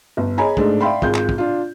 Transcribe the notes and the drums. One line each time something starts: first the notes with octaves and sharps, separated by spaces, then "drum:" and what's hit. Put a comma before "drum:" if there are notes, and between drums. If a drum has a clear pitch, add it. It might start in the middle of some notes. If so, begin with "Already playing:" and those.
G1
G#4 C#5 D#5 G#5 A#5 B5
G#2 G#3 A3 D4 D#4, drum: kick
D5 E5 F5 G5 B5 C6
G#1 F4 G#4 G6, drum: kick
drum: clap
drum: kick
D4 F4